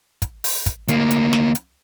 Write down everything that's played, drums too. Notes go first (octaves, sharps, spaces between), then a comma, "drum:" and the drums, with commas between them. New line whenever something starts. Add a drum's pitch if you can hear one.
drum: kick, hi-hat
drum: open hi-hat
drum: kick, hi-hat
D2 A#3, drum: hi-hat
drum: hi-hat
drum: snare
drum: hi-hat